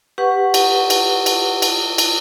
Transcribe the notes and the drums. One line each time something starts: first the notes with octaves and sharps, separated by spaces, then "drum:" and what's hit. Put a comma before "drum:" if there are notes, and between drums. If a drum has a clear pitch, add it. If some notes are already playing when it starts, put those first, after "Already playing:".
G4 B4 F#5 C#6
drum: cymbal
drum: cymbal
drum: cymbal
drum: cymbal
drum: cymbal